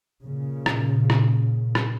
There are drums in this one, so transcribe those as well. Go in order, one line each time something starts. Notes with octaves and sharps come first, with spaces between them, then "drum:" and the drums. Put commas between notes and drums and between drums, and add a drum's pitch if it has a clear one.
A#2 C#3
drum: rim click
drum: rim click
drum: rim click